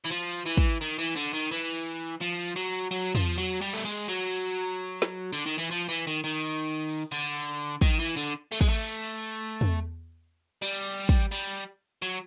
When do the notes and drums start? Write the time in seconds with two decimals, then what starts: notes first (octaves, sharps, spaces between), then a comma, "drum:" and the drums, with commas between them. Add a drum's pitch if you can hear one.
0.05 E3
0.11 F3
0.46 E3
0.57 drum: kick
0.81 D#3
0.99 E3
1.16 D3
1.33 D#3, drum: tambourine
1.52 E3
2.21 F3
2.56 F#3
2.91 F#3
3.15 F3, drum: tom
3.38 F#3
3.61 G3, drum: cymbal
3.73 A3
3.85 G#3
4.08 F#3
5.02 drum: snare
5.33 D3
5.46 D#3
5.58 E3
5.71 F3
5.89 E3
6.07 D#3
6.24 D#3
6.89 drum: open hi-hat
7.12 D3
7.81 D#3, drum: kick
7.99 E3
8.16 D3
8.52 A3
8.61 G#3, drum: kick
8.69 A3
9.61 drum: tom
10.62 G3
11.09 drum: kick
11.32 G3
12.02 F#3